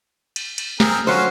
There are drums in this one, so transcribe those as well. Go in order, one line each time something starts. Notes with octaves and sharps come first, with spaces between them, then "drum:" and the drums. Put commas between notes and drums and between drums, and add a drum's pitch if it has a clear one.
drum: cymbal
drum: cymbal
C4 G#4 A#4, drum: snare
F#3 C#4 F4 C5